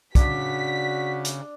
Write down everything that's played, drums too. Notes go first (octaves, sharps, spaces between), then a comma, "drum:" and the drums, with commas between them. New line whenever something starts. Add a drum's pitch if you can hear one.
C#3 D4 F#4 B6, drum: kick, hi-hat
drum: hi-hat